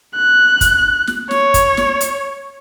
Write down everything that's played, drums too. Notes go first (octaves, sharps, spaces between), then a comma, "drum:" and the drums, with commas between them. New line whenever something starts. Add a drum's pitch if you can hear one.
F#6
drum: kick, hi-hat
drum: snare
C#5, drum: snare
drum: kick, hi-hat
drum: snare
drum: hi-hat